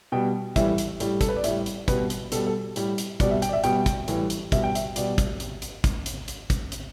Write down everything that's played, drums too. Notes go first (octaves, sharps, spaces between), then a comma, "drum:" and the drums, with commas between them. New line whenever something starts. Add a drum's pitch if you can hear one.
B2 G3 G5
A2 E3 G3 E5, drum: kick, hi-hat
drum: hi-hat
A2 G3, drum: hi-hat
A4, drum: kick, hi-hat
B4
D5
A2 G3 E5, drum: hi-hat
drum: hi-hat
B2 G3 B4, drum: kick, hi-hat
drum: hi-hat
B2 G3 A4, drum: hi-hat
A4
A2 G3, drum: hi-hat
drum: hi-hat
B2 G3 D5, drum: kick, hi-hat
E5
G5, drum: hi-hat
D5
E5
B2 G3 G5, drum: hi-hat
drum: kick, hi-hat
A2 E3 G3, drum: hi-hat
drum: hi-hat
B2 G3 E5, drum: kick, hi-hat
G5
E5, drum: hi-hat
B2 G3 D5, drum: hi-hat
drum: kick, hi-hat
drum: hi-hat
drum: hi-hat
drum: kick, hi-hat
drum: hi-hat
drum: hi-hat
drum: kick, hi-hat
drum: hi-hat